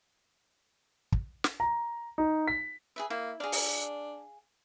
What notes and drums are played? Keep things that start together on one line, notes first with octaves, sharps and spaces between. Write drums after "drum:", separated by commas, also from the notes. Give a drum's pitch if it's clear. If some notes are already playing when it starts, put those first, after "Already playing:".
drum: kick
drum: snare
A#5
D#4
B6
G#4 B4 E5
A#3 E4
D4 G#4 F5
drum: open hi-hat